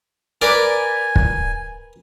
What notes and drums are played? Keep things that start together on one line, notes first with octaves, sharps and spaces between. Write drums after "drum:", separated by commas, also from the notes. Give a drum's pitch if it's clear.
A#4 B4 D5 G#5 A#5 B5
drum: kick